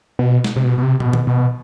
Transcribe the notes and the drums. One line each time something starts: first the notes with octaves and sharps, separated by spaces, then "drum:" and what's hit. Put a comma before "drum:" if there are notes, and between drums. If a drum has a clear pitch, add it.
B2
drum: snare
C3
B2
B2
C3
B2, drum: tom
drum: tom D#3
B2